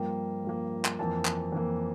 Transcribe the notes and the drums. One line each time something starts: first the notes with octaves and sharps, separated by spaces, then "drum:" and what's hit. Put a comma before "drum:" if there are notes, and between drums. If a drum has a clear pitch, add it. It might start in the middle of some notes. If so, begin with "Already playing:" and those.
Already playing: G2 F3 A#3 G5
G2 F3 A#3
drum: clap
F2 E3 A#3 A5
drum: clap
F2 E3 A#3